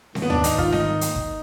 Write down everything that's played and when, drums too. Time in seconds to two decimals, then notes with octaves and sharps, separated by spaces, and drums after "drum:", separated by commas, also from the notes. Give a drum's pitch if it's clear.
0.15 G#2 D#3 A#3, drum: snare C4
0.22 B3
0.30 D4, drum: tom D2
0.44 D#4, drum: hi-hat
0.58 F4, drum: kick
0.72 D#4, drum: snare C4
1.01 drum: hi-hat
1.16 drum: kick